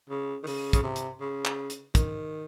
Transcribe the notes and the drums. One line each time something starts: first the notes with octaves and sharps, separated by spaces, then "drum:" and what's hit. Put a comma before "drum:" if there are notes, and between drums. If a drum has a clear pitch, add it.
C#3
D#3
C#3, drum: open hi-hat
C#3, drum: kick, hi-hat
C3
drum: hi-hat
C#3
drum: clap
drum: hi-hat
D#3, drum: kick, hi-hat